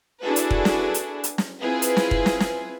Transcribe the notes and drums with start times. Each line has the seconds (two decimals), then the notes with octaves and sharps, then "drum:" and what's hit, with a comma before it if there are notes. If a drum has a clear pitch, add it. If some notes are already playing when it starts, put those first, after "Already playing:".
0.21 D4 E4 F#4 G#4 A4 B4
0.36 drum: hi-hat
0.51 drum: kick
0.65 drum: snare
0.94 drum: hi-hat
1.24 drum: hi-hat
1.38 drum: snare
1.60 C4 E4 F4 G#4 B4
1.82 drum: hi-hat
1.97 drum: snare
2.11 drum: kick
2.26 drum: snare
2.40 drum: snare